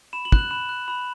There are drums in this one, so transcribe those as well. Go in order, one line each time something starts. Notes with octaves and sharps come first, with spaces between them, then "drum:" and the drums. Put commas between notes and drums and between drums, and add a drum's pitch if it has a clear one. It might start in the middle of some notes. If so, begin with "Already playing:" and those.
B5 E7
F#7
F#6, drum: kick
F#7
B5 E7
F#6
B5